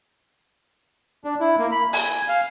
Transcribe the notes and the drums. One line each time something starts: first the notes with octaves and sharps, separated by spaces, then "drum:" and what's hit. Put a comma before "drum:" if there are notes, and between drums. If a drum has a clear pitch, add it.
D4
E4
A#3
B5
G#5, drum: open hi-hat
F5